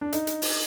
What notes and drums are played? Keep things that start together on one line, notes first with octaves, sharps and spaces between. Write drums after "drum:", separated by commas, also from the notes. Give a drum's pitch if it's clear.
D4
D#4, drum: hi-hat
drum: hi-hat
drum: open hi-hat